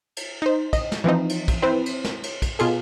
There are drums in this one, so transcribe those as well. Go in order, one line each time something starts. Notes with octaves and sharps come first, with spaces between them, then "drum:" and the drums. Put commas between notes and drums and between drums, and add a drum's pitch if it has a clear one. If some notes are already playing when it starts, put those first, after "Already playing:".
drum: cymbal
D#4 C5
D#5, drum: kick, cymbal
drum: snare
E3 F3 C4 D#4
drum: cymbal
drum: kick, cymbal
C4 E4 B4 C5
drum: cymbal
drum: snare
drum: cymbal
drum: kick, cymbal
B2 F4 G#4 A4, drum: cymbal